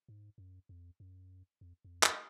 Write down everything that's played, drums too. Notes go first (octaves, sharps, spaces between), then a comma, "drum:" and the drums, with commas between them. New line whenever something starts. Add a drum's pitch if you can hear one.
G#2
F#2
F2
F#2
F2
F2
drum: clap